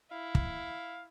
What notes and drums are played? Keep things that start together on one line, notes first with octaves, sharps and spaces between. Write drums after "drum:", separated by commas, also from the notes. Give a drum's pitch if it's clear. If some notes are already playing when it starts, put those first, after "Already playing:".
E4 F5
drum: kick